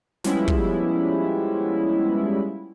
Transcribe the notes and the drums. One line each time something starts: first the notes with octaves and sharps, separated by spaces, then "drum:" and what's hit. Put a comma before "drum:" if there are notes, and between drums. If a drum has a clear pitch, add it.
F3 G3 G#3 B3 C#4 E4, drum: snare
drum: kick